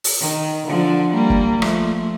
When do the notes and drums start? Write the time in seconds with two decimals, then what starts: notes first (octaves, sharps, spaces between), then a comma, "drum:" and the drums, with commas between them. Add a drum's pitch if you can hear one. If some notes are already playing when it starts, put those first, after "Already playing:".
0.04 drum: open hi-hat
0.20 D#3
0.67 D3 F3
1.14 G3 A#3
1.30 drum: kick
1.62 F3 A3, drum: rim click